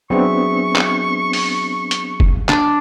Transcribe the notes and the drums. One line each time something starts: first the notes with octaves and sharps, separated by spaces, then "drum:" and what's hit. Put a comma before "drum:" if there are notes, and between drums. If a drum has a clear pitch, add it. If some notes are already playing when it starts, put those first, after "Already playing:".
F#3 B3 C4 D4 G#4 E5 C#6
drum: clap
drum: open hi-hat
drum: hi-hat
drum: kick
D4, drum: clap